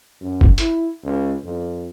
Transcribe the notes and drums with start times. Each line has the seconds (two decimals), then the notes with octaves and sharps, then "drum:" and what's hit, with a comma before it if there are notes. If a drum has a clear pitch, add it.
0.21 F#2
0.41 drum: kick
0.58 E4, drum: hi-hat
1.03 C#2
1.44 F2